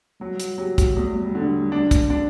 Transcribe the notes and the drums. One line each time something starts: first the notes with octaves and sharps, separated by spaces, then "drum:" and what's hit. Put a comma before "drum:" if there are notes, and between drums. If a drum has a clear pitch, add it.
F#3 G3
F#4, drum: hi-hat
F#3 G4
F#4, drum: kick, hi-hat
G3
E2 A3
G3
D3
G3
D4
drum: kick, hi-hat
D4